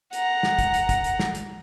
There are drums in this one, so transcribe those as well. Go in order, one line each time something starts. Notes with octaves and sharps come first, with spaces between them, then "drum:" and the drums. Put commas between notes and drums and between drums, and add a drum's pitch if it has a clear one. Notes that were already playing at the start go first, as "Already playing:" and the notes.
F#5 A#5, drum: hi-hat
drum: snare
drum: kick, hi-hat
drum: hi-hat
drum: kick, hi-hat
drum: hi-hat
drum: snare
drum: hi-hat